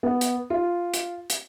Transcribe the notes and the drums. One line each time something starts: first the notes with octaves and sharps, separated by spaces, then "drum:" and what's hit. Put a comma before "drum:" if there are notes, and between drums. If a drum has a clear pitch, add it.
B3
drum: hi-hat
F4
drum: hi-hat
drum: hi-hat